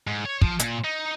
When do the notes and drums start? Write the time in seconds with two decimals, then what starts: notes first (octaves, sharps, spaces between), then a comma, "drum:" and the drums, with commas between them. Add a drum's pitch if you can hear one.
0.07 G#2
0.25 C#5
0.42 F3, drum: kick
0.59 A#2, drum: hi-hat
0.85 D#4